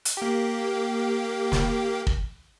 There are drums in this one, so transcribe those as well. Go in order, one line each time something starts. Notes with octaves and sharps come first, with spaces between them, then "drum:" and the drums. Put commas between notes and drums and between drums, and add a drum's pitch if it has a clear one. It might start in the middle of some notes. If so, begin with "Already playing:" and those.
drum: hi-hat
A#3 G4
drum: snare
drum: kick